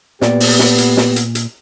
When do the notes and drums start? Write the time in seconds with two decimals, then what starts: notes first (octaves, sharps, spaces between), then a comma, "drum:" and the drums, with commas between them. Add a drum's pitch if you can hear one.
0.21 A#2 B3 G4 D5, drum: snare
0.40 drum: open hi-hat
0.59 drum: snare
0.78 drum: hi-hat
0.97 drum: snare
1.16 drum: hi-hat
1.35 drum: hi-hat